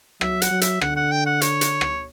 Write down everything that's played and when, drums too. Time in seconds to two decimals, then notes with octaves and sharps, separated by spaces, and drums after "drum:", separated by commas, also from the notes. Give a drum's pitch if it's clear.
0.21 F#3 E5, drum: rim click
0.42 F#5, drum: hi-hat
0.51 F#3
0.61 E5, drum: hi-hat
0.81 D3 F#5, drum: rim click
0.96 F#5
1.12 G5
1.26 F#5
1.41 C#5, drum: hi-hat
1.61 drum: hi-hat
1.81 drum: rim click